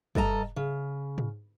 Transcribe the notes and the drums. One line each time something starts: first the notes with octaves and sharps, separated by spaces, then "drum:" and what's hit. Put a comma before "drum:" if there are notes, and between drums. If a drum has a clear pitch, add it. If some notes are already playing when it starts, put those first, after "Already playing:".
G2 A4 D#5 A5 A#5, drum: kick
C#3
drum: tom G#2